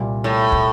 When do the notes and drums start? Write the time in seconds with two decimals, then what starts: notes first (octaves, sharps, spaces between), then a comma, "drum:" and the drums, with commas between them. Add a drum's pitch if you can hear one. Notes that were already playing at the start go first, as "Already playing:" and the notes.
Already playing: C2 A#2 G3
0.24 A2
0.52 drum: kick